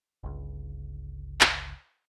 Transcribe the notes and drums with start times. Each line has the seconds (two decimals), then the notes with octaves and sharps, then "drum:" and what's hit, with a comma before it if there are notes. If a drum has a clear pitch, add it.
0.23 G1 C#2
1.41 drum: clap